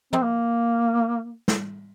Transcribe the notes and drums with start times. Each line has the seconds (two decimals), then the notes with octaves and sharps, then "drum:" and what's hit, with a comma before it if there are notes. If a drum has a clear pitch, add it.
0.13 C4, drum: tom
0.22 A#3
1.48 drum: snare